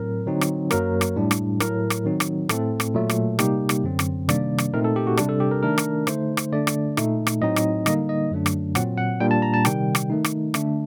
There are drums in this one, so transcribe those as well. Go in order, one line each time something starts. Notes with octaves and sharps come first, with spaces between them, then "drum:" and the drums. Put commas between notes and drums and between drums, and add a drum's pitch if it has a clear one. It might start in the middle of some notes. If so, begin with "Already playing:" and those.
Already playing: A2 F#3 C4 A#4
D3 F#3 C4 D#4
drum: rim click
F#2 F#3 A#3 A#4, drum: rim click
drum: rim click
A2 G3 D4
drum: rim click
A2 F#3 A3 A#4, drum: rim click
drum: rim click
D#3 F#3 C4 D#4
drum: rim click
A2 A3 C4 A4, drum: rim click
drum: rim click
A#2 F#3 A3
drum: rim click
C3 G3 A#3 D#4 G4, drum: rim click
drum: rim click
F#2 D3 F#3 C4
drum: rim click
C3 D#3 G3 A#3 D4 D5, drum: rim click
drum: rim click
A#2 A3 C4 D#4 A#4
A4
G4
F#4
C3 G3 D4, drum: rim click
A4
G4
A#4
D#3 A3 D4 A#4
drum: rim click
D3 A3 D#4 C5, drum: rim click
drum: rim click
D3 A3 D4 D5
drum: rim click
A#2 A3 D#4, drum: rim click
drum: rim click
A2 F#3 C4 D#4 D#5
drum: rim click
D3 G3 A#3 D#4 D#5, drum: rim click
D#5
F#2 D3 F#3 A3 D4
drum: rim click
A#2 F#3 C4 F#5, drum: rim click
F#5
A#2 G3 A#3 D4 G5
A5
A#5
A5
C3 D#3 G3 G5, drum: rim click
drum: rim click
D#3 A3 D#4
drum: rim click
D3 A3 D4, drum: rim click